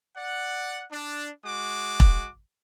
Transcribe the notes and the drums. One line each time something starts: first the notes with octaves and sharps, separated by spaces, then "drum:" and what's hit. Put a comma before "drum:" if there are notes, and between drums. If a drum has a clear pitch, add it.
D5 F#5
D4
G#3 F#4 D6
drum: kick E1